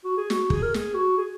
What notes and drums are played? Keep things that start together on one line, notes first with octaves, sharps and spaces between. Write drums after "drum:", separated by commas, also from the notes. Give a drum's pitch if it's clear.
F#4
G#4
F#4, drum: snare
G#4, drum: kick
A#4
G#4, drum: snare
F#4
G#4